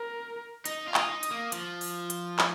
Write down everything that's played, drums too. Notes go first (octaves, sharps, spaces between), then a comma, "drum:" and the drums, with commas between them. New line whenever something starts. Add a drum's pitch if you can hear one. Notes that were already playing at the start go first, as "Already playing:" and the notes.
Already playing: A#4
D#4 D#5, drum: hi-hat
F4
D#6, drum: clap
D#4
D#6, drum: hi-hat
A#3
F3, drum: hi-hat
drum: open hi-hat
drum: hi-hat
drum: clap